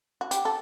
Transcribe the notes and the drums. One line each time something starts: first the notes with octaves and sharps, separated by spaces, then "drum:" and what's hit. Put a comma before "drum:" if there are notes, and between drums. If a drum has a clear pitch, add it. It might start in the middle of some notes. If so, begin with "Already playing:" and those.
F#4
G4, drum: hi-hat
A4